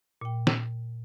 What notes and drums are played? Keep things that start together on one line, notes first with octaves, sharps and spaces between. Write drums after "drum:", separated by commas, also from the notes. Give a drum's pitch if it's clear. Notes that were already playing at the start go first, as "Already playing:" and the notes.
A#2 G5
drum: snare